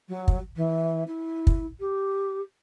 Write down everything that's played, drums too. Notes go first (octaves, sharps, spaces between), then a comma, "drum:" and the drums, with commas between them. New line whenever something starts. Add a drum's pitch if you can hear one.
F#3
drum: kick
E3
E4
drum: kick
G4